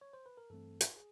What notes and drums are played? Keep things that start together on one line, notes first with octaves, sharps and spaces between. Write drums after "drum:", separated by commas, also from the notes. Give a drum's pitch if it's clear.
C#5
C5
B4
A#4
G2 E3 A3 C4 A4
drum: hi-hat
G#4